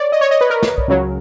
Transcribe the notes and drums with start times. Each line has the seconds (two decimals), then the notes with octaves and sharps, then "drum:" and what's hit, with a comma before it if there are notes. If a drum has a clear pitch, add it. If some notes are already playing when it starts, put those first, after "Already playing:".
Already playing: C#5 D5
0.12 D#5
0.21 C#5
0.31 D#5
0.41 B4
0.50 A#4
0.63 drum: snare
0.78 drum: kick B1
0.88 C#2 C#3 F#3